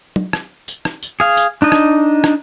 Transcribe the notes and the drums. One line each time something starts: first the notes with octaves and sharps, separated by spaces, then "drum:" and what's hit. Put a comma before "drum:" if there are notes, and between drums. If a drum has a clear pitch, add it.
drum: tom
drum: rim click
drum: tambourine
drum: rim click
drum: tambourine
G#4 F5
drum: tambourine
D4 D#4 D#5
drum: rim click
drum: rim click